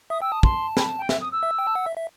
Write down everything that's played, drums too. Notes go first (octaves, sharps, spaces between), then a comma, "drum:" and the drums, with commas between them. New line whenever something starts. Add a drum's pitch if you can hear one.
E5 D#6
G5 E6
A5 D#6
C6, drum: kick
B5, drum: snare
G5
E5, drum: snare
D#6
E6
E5
G5
A5
F#5
E5
E5